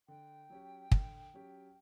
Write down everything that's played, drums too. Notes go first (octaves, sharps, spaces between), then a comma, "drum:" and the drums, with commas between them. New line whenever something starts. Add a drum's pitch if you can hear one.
D3 G5
F#3 C#4 G4
D3, drum: kick
F#3 C#4 G4